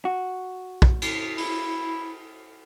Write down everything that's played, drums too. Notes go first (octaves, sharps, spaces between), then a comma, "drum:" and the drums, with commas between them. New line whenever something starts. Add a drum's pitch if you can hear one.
F#4
drum: kick
drum: cymbal
E4, drum: open hi-hat